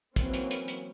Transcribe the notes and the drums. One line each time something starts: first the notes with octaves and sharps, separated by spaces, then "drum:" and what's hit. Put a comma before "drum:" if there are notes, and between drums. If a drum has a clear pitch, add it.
E3 F#3 A#3 C4 C#4, drum: kick, hi-hat
drum: hi-hat
drum: hi-hat
drum: hi-hat